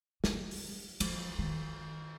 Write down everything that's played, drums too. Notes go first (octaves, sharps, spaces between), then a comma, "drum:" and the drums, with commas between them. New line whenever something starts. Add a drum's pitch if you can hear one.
G3, drum: snare
drum: open hi-hat
F3, drum: cymbal
D#3